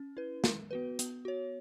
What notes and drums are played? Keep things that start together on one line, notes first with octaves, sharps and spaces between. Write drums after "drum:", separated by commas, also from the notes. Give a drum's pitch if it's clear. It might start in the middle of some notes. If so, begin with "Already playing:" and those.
Already playing: C#4
E4 B4
G#3, drum: snare
B3 F#4 B4
B3, drum: hi-hat
F#4 C#5